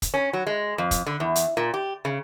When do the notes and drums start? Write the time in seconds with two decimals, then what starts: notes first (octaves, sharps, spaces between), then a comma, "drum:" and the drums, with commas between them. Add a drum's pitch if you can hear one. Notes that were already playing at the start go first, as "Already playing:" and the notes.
0.02 drum: kick, hi-hat
0.14 C#4
0.33 F#3
0.47 G#3
0.78 F2
0.91 drum: kick, hi-hat
1.06 D3
1.20 E2
1.36 drum: hi-hat
1.57 A#2
1.74 G4
2.05 C#3